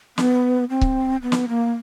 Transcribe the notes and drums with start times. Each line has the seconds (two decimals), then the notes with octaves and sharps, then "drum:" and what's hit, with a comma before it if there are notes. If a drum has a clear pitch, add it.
0.18 B3, drum: snare
0.70 C4
0.81 drum: kick C#1
1.22 B3
1.32 drum: snare
1.48 A#3